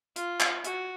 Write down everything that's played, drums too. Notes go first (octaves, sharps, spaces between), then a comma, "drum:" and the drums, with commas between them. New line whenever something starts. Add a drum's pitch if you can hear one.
F4, drum: hi-hat
drum: clap
F#4, drum: hi-hat